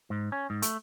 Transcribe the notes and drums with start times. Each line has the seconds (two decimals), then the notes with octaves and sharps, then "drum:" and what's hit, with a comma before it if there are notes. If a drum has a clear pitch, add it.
0.10 G#2
0.32 C#4
0.50 G#2
0.62 A3, drum: hi-hat